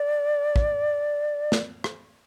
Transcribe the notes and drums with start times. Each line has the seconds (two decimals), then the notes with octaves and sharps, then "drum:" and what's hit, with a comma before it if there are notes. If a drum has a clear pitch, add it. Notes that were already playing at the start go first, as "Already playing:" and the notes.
Already playing: D5
0.56 drum: kick
1.52 drum: snare
1.84 drum: rim click